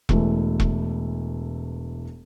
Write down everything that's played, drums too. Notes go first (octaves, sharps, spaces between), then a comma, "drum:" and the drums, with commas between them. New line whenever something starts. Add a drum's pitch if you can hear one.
E1 E3 A3, drum: kick E1
drum: kick E1